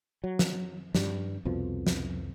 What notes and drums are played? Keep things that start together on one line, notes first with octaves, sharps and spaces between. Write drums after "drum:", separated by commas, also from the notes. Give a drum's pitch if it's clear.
F#3
drum: snare
G2 G3, drum: snare
C2 F2 B2 F3
drum: snare